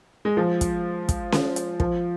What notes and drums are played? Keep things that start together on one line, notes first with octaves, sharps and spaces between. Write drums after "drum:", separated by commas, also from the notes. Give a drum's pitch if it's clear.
G#3
F3
drum: kick, hi-hat
drum: kick, hi-hat
drum: snare C#4
drum: hi-hat
F3, drum: kick